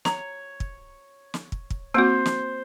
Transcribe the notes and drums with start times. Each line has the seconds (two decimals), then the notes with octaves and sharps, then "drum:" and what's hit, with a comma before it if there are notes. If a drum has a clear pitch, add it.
0.05 C#5 A#5, drum: snare
0.60 drum: kick
1.34 drum: snare
1.52 drum: kick
1.70 drum: kick
1.94 A#3 C4 F#4 C5
2.26 drum: snare